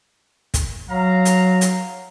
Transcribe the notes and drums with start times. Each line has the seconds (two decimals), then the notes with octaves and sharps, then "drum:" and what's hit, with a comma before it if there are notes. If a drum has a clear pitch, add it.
0.54 drum: kick, hi-hat
0.89 F#3 F5 A#5
1.25 drum: hi-hat
1.61 drum: hi-hat